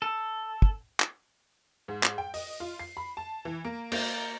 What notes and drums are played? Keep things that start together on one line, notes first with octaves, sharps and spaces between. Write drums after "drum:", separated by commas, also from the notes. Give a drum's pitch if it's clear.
A4
drum: kick
drum: clap
G#2
drum: clap
G5
D#5, drum: open hi-hat
F4
C7
B5
A5
E3
A#3
A#3, drum: cymbal